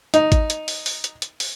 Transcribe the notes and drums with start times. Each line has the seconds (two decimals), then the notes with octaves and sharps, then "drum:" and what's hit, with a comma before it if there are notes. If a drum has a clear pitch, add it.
0.14 D#4, drum: hi-hat
0.32 drum: kick G#1, hi-hat
0.50 drum: hi-hat
0.68 drum: open hi-hat
0.86 drum: open hi-hat
1.04 drum: hi-hat
1.22 drum: hi-hat
1.40 drum: open hi-hat